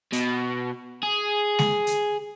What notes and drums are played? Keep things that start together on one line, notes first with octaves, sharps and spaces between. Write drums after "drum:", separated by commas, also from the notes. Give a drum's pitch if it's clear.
B2, drum: hi-hat
G#4
drum: snare G#3
drum: hi-hat